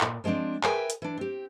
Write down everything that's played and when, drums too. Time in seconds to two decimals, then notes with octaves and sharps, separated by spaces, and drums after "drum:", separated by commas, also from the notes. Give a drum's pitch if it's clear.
0.01 A#2, drum: clap
0.24 F3 G#3 A#3 C4 D4
0.64 G#4 A#4 B4 E5 G5 G#5, drum: clap
0.90 drum: hi-hat
1.02 E3 D4
1.18 C4 G4